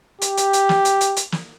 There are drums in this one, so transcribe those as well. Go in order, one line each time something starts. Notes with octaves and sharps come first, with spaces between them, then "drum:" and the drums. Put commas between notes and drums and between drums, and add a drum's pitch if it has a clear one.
G4, drum: hi-hat
drum: hi-hat
drum: hi-hat
drum: snare
drum: hi-hat
drum: hi-hat
drum: hi-hat
drum: snare